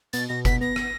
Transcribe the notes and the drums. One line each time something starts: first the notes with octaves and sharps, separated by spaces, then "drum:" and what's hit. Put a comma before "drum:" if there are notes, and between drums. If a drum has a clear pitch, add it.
B2 A6, drum: hi-hat
B2 A#6
B3 B6, drum: kick F#1, hi-hat
B3 A#6
drum: rim click